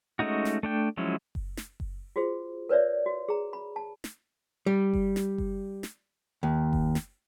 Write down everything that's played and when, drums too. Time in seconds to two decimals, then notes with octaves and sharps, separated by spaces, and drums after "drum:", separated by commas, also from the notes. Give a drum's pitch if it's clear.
0.19 G#3 A3 C#4 D#4 F#4
0.45 drum: snare
0.63 A3 D4 G5
0.97 F3 F#3 G#3 C#4 E4
1.35 drum: kick F#1
1.57 drum: snare
1.80 drum: kick F#1
2.16 F4 F#4 G#4 C5
2.69 A#4 B4 C#5 D5 E5
3.06 F#4
3.29 G#4 A#5
3.53 B5
3.76 A5
4.04 drum: snare
4.66 G3
4.94 drum: kick F#1
5.16 drum: snare
5.38 drum: kick F#1
5.83 drum: snare
6.43 D#2
6.73 drum: kick F#1
6.95 drum: snare